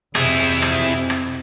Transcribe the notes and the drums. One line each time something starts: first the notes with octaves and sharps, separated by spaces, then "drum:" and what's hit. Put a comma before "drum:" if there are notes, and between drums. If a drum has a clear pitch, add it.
F2 C3 E4 G#4, drum: rim click
drum: hi-hat
drum: rim click
drum: hi-hat
drum: rim click